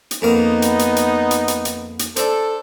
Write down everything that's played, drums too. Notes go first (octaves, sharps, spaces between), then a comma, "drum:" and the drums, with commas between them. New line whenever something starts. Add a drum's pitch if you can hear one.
drum: hi-hat
F2 A#3 B3 D#4 F5
drum: hi-hat
drum: hi-hat
drum: hi-hat
drum: hi-hat
drum: hi-hat
drum: hi-hat
drum: hi-hat
D4 A4 C5, drum: hi-hat